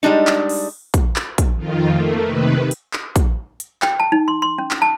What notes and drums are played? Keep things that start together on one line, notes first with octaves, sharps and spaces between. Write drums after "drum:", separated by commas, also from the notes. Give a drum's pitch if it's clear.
G3 G#3 D4 D#4
drum: clap
drum: open hi-hat
drum: kick, hi-hat
drum: clap
drum: kick, hi-hat
F2 D#3 F4
A3 A#3
C3 D#3 B4
drum: hi-hat
drum: clap
drum: kick, hi-hat
drum: hi-hat
G5, drum: clap
A5
D#4
C6
C6
C#4
drum: clap
A5